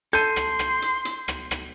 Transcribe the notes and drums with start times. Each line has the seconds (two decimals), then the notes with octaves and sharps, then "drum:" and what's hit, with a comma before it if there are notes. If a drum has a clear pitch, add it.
0.13 A4 C6 G6 D#7
0.36 drum: rim click
0.59 drum: rim click
0.82 drum: hi-hat
1.05 drum: hi-hat
1.28 drum: rim click
1.51 drum: rim click